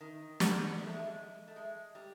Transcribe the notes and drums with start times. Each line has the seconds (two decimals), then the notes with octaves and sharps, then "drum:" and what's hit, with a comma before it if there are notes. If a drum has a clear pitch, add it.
0.01 D#3
0.40 drum: snare
0.78 G#3
0.86 A3
0.94 G#3
1.48 A3
1.56 G#3
1.95 G3